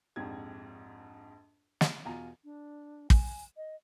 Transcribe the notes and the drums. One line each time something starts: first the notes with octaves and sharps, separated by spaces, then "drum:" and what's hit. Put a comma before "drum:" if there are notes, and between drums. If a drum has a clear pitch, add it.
A#1 F2 G#2 G4 G#6
drum: snare
E2 B2 F4 G#5 A#5
D4
G#5, drum: kick
D#5